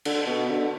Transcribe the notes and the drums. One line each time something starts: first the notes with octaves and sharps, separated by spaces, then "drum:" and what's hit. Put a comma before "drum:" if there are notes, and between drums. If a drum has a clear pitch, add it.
D3, drum: cymbal
B2
D3